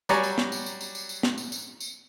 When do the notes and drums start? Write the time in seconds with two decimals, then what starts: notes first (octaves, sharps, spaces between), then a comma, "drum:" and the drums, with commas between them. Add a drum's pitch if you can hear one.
0.09 F#3 G3 D5 G#5 A#5 C#6, drum: tambourine
0.23 drum: tambourine
0.38 drum: snare
0.52 drum: tambourine
0.66 drum: tambourine
0.81 drum: tambourine
0.95 drum: tambourine
1.09 drum: tambourine
1.23 drum: snare
1.38 drum: tambourine
1.52 drum: tambourine
1.80 drum: tambourine